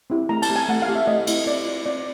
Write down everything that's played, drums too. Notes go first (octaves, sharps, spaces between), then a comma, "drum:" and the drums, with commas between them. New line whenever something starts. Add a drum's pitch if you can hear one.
C4 E4 G4
A3 A#5
A5, drum: cymbal
C4 E4 G4
G#5
A3 F#5
F5
C4 E4 G4
E5
A3 D#5
C4 E4 G4, drum: cymbal
C4 D5
F4
C4 D5